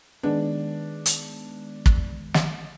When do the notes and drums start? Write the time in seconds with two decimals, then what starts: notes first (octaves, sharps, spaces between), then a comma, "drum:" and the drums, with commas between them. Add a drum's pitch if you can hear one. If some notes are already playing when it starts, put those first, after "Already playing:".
0.23 D#3 G#3 B3 D4
1.06 drum: hi-hat
1.86 drum: kick
2.34 drum: snare